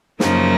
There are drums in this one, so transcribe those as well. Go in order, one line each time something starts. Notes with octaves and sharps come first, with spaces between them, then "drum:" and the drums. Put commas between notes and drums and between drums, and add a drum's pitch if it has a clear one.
F#2 C#3 F3 A#3 D#4, drum: snare